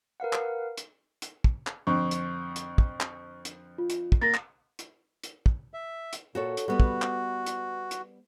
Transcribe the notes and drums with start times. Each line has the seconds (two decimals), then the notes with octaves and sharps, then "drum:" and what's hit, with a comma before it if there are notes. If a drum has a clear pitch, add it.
0.20 A#4 B4 F5 F#5
0.33 drum: clap
0.78 drum: hi-hat
1.22 drum: hi-hat
1.44 drum: kick
1.67 drum: clap
1.87 F2 D3 C4 C#6
2.11 drum: hi-hat
2.56 drum: hi-hat
2.78 drum: kick
3.01 drum: clap
3.45 drum: hi-hat
3.78 F4
3.90 drum: hi-hat
4.12 drum: kick
4.21 A#3 A6 A#6
4.34 drum: clap
4.79 drum: hi-hat
5.24 drum: hi-hat
5.46 drum: kick
5.74 E5
6.13 drum: hi-hat
6.35 A#2 F#4 A4 C#5
6.57 drum: hi-hat
6.68 G3 B3 F#4 B4
6.80 drum: kick
7.02 drum: clap
7.46 drum: hi-hat
7.91 drum: hi-hat